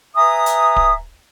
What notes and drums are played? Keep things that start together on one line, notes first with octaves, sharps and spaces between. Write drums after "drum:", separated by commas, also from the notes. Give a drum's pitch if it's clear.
B4 E5 G#5 A#5 D#6
drum: hi-hat
drum: kick D1